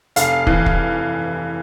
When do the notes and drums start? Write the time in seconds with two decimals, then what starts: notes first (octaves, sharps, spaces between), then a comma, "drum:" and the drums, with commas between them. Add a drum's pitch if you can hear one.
0.16 F1 F5, drum: hi-hat
0.47 E3, drum: kick
0.66 drum: kick